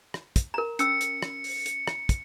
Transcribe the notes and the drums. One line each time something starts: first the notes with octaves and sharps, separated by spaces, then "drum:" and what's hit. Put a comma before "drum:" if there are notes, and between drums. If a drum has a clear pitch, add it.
drum: rim click
drum: kick, hi-hat
A#4 A#5
C#4 E6 C#7, drum: hi-hat
drum: hi-hat
drum: rim click
drum: open hi-hat
drum: hi-hat
drum: rim click
drum: kick, hi-hat